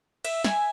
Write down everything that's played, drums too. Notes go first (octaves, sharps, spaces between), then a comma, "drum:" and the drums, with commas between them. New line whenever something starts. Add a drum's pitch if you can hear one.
E5, drum: cymbal
G#5, drum: snare